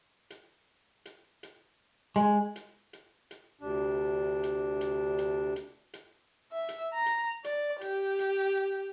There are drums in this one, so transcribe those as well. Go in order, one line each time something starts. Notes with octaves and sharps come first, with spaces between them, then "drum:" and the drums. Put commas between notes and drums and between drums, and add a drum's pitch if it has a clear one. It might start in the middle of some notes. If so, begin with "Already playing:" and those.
drum: hi-hat
drum: hi-hat
drum: hi-hat
G#3, drum: hi-hat
drum: hi-hat
drum: hi-hat
drum: hi-hat
D2 C3 D4
drum: hi-hat
drum: hi-hat
drum: hi-hat
drum: hi-hat
drum: hi-hat
E5
drum: hi-hat
A#5
drum: hi-hat
D5, drum: hi-hat
G4, drum: hi-hat
drum: hi-hat